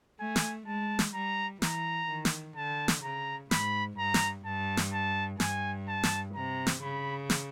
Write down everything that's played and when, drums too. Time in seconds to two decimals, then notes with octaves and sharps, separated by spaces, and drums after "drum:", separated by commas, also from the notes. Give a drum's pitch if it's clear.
0.20 A3 G#5
0.36 drum: snare
0.67 G#3 A5
0.99 drum: snare
1.14 G3 A#5
1.62 E3 A#5, drum: snare
2.09 D#3
2.25 drum: snare
2.56 D3 A5
2.88 drum: snare
3.03 C#3 A#5
3.51 G#2 B5, drum: snare
3.98 G2 A#5
4.14 drum: snare
4.45 G2 A5
4.77 drum: snare
4.93 A5
5.40 G2 G#5, drum: snare
5.88 A5
6.03 drum: snare
6.35 C3 A#5
6.67 drum: snare
6.82 C#3 B5
7.30 drum: snare